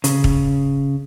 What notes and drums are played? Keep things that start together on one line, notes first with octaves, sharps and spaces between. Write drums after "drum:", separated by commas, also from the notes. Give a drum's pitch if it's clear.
C#3, drum: hi-hat
drum: kick